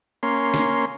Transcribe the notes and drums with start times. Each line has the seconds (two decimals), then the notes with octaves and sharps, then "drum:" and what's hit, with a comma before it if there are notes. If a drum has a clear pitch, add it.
0.23 A#3 C#4 C6
0.54 drum: snare